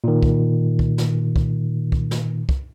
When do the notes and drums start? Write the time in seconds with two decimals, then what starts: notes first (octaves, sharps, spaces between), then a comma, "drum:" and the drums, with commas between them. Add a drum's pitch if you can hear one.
0.04 A#2 D#3
0.23 drum: kick
0.79 drum: kick
0.98 drum: snare
1.36 drum: kick
1.92 drum: kick
2.11 drum: snare
2.49 drum: kick